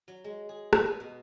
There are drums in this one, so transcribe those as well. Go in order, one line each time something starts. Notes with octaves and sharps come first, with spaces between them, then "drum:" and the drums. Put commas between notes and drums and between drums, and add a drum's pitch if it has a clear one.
F#3
G#3
G#4
drum: rim click
B3
B2